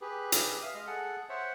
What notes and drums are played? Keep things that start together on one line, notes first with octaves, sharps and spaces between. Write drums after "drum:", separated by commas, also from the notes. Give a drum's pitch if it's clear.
G4 G#4 B4
drum: hi-hat
E5 F5 D#6
G#3 D#5 F6
G#4 A4 F#5
C5 C#5 E5 F#5